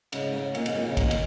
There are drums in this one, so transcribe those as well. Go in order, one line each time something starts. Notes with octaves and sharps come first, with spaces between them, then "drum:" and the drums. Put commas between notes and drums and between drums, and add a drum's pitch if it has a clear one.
G#2 C#3, drum: cymbal
G#2 C#3
F2 A#2, drum: cymbal
G#2, drum: cymbal
F2 A#2
G#2 C#3
A#2 D#3, drum: kick, cymbal
drum: cymbal